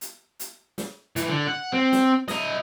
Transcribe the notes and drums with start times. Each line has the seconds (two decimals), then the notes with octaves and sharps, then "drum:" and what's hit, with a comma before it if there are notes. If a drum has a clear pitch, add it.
0.01 drum: hi-hat
0.40 drum: hi-hat
0.78 drum: snare
1.16 E3, drum: hi-hat
1.28 D3
1.47 F#5
1.73 C4
1.93 drum: snare
2.28 E4 D#5, drum: snare